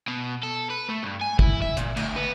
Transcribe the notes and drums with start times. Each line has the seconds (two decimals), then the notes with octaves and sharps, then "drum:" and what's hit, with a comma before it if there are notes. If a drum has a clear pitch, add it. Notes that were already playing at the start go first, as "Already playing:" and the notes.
0.08 B2
0.43 A4
0.70 B4
0.89 A3
1.04 G2
1.21 G#5
1.39 E4, drum: kick
1.62 E5
1.77 A#2, drum: hi-hat
1.97 D2, drum: cymbal
2.16 B3